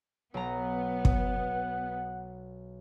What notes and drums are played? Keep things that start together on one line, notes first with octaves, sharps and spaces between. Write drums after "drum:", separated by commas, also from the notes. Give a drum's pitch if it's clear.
B1 B3 F#5 A#5
drum: kick